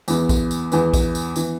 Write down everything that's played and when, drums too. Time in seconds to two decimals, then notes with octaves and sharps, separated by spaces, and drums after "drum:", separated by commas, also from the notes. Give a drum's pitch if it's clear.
0.08 E2 E3 B3, drum: tambourine
0.29 drum: kick A#1, tambourine
0.51 drum: tambourine
0.72 E2 E3 B3, drum: tambourine
0.93 drum: kick A#1, tambourine
1.15 drum: tambourine
1.36 E3 B3, drum: tambourine